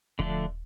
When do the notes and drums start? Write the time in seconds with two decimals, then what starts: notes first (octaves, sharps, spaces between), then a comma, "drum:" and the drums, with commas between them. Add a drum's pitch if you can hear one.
0.19 D3 F3 A3 D4, drum: kick D#1